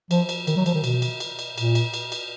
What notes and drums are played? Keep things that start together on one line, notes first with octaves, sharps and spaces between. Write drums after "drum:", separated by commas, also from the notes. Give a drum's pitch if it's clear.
F3, drum: cymbal
drum: cymbal
D#3, drum: cymbal
F#3
F3, drum: cymbal
D#3
B2, drum: cymbal
drum: cymbal
drum: cymbal
drum: cymbal
A#2, drum: cymbal
drum: cymbal
drum: cymbal
drum: cymbal